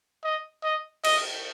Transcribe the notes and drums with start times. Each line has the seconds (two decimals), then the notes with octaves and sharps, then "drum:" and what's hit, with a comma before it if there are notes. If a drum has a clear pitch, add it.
0.24 D#5
0.64 D#5
1.04 D#5, drum: cymbal